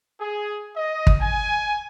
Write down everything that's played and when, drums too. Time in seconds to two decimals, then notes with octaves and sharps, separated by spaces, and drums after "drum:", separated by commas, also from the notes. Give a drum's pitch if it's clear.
0.20 G#4
0.76 D#5
1.07 drum: kick
1.21 G#5